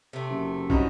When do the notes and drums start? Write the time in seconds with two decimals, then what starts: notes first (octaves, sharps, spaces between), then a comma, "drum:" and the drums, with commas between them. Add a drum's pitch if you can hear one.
0.13 C3 A3
0.29 F#1
0.70 C2 G2 C#4 D#4 F#4, drum: kick